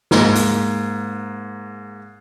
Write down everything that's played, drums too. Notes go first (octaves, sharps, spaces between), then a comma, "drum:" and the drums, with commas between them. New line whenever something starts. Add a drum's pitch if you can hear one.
G#2 A#3, drum: snare
drum: hi-hat